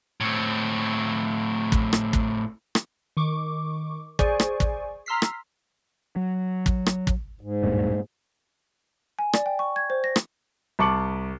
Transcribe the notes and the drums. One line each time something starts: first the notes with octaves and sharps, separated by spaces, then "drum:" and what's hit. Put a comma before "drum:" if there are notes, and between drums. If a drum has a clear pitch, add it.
A2 C4
drum: kick
drum: rim click
drum: kick
drum: rim click
D#3 C#6 D6
G#4 C5 D5 G#5 C#6, drum: kick
drum: rim click
drum: kick
A#5 C6 E6 F6 B6 C7
drum: rim click
F#3
drum: kick
drum: rim click
drum: kick
G#2
D1 G2 A#2
G#5
D5, drum: rim click
G5
C#6
G#6
C5
A#6
drum: rim click
C2 A5 C#6 D6 C#7 F#7